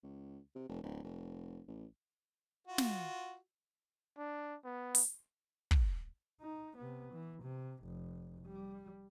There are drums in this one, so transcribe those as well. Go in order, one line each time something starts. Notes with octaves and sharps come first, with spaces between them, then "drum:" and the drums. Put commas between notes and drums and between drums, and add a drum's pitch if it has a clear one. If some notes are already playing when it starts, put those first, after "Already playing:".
C#2
C3
F1
D1
F1
A1
F4 F#4
drum: snare
D4
B3
drum: open hi-hat
drum: kick
D#4
C3 B3
E3
C3
F1
G3